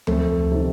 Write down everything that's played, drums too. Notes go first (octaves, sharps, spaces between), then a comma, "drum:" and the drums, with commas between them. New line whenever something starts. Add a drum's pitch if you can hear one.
F2 A3, drum: tom D2
C3 D#3